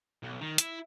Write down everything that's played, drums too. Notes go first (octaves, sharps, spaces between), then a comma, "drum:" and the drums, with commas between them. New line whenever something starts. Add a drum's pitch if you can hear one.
B1
D#3
E4, drum: hi-hat